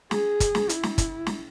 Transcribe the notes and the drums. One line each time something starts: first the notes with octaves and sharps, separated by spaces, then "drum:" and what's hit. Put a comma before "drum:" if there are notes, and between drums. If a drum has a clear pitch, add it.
G#4, drum: snare
drum: kick, hi-hat
drum: snare
E4, drum: hi-hat
drum: snare
drum: kick, hi-hat
drum: snare